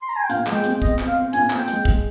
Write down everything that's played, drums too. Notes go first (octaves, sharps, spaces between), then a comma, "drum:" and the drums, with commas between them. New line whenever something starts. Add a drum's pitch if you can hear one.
C6
A#5
G#5
G5
A#2 F5, drum: hi-hat
G#3, drum: clap
G5
C4, drum: hi-hat
C4 D#5, drum: kick
C4, drum: clap
F5
C4
A#2 G#5, drum: hi-hat
C4, drum: clap
G5
G#3, drum: hi-hat
G#3, drum: kick